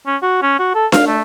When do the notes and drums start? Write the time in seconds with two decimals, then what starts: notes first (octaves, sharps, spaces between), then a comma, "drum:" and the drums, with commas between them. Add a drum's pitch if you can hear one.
0.06 C#4
0.22 F#4
0.42 C#4
0.59 F#4
0.75 A4
0.92 F5, drum: snare D4
1.07 A3